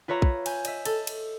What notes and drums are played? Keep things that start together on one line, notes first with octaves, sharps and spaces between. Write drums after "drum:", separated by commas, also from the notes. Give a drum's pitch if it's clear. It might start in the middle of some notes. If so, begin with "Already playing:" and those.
F4 B4 C#5 E5 A#5
drum: kick
G#5 G6, drum: cymbal
D#5 E5, drum: cymbal
A4, drum: cymbal
drum: cymbal